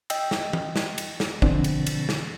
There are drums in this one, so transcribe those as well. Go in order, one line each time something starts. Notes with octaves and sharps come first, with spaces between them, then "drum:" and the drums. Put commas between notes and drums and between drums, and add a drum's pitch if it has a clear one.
D#5 G5 E6, drum: cymbal
drum: snare
drum: tom E3
drum: snare
drum: cymbal
drum: snare
B2 D3 E3 F3 C4 D4, drum: kick
drum: cymbal
drum: cymbal
drum: snare